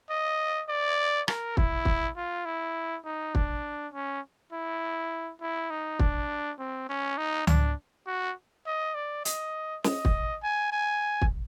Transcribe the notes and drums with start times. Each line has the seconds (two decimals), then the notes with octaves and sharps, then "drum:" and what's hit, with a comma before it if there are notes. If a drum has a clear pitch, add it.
0.10 D#5
0.69 D5
1.28 A#4, drum: rim click
1.57 E4, drum: kick
1.85 drum: kick
2.16 F4
2.45 E4
3.05 D#4
3.35 D4, drum: kick
3.94 C#4
4.52 E4
5.41 E4
5.70 D#4
5.99 D4, drum: kick
6.59 C4
6.89 C#4
7.18 D#4
7.47 D4, drum: tom C#2
8.07 F#4
8.66 D#5
8.95 D5
9.25 D#5, drum: hi-hat
9.84 D#5, drum: snare
10.05 drum: kick
10.43 G#5
10.72 G#5
11.22 drum: kick